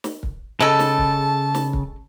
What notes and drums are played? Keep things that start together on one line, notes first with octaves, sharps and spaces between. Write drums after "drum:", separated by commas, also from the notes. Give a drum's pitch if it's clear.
drum: snare
drum: kick
C#3 G#3 A4 A5
drum: snare
drum: kick
drum: snare
drum: kick